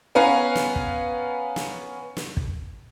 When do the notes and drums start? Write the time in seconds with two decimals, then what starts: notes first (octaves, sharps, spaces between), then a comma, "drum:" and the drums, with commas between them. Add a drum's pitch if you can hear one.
0.15 B3 C#4 B4 F5 G#5 A#5
0.55 drum: snare
0.76 drum: kick
1.56 drum: snare
2.17 drum: snare
2.37 drum: kick